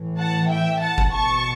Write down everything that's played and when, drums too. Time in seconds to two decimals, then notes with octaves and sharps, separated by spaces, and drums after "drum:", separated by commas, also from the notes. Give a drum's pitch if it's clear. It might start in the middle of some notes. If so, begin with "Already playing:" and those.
Already playing: A2 E3
0.18 F#5 A5
0.50 E5 G5
0.82 F#5 A5
0.98 drum: kick F#1
1.14 B2 A5 C#6